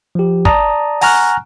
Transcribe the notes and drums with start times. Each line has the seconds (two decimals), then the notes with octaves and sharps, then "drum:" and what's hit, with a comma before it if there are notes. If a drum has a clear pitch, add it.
0.15 F3 G4
0.45 D5 A5 A#5 D#6, drum: kick
1.01 F#5 G#5 A#5 C#6 F6 F#6, drum: open hi-hat